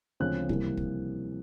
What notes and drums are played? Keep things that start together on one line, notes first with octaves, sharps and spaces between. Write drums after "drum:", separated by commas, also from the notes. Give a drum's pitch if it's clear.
D2 C#3 F3 G#3 C4 F#6
C3 E3 G3 A#3, drum: kick
drum: kick